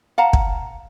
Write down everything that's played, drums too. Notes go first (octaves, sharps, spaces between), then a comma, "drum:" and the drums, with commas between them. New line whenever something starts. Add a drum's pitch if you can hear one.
F5 F#5 A5 A#5
drum: kick